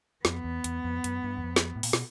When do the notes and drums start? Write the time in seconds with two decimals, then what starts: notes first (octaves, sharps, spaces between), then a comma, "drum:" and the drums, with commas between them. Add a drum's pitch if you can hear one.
0.25 F2 B3, drum: snare
0.44 E2
0.64 E2, drum: hi-hat
0.84 F2
1.04 F#2, drum: hi-hat
1.23 G2
1.37 E2
1.43 F2
1.56 drum: snare
1.76 A2
1.83 A#2, drum: open hi-hat
1.93 B2, drum: snare